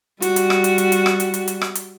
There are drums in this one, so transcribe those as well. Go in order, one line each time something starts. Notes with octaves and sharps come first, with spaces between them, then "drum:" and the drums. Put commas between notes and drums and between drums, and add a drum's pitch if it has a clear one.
G3 F#4, drum: hi-hat
drum: hi-hat
drum: rim click
drum: hi-hat
drum: hi-hat
drum: hi-hat
drum: rim click
drum: hi-hat
drum: hi-hat
drum: hi-hat
drum: rim click
drum: hi-hat